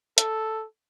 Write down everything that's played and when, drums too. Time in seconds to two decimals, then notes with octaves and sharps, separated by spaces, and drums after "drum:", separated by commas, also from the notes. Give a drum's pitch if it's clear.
0.18 A4, drum: hi-hat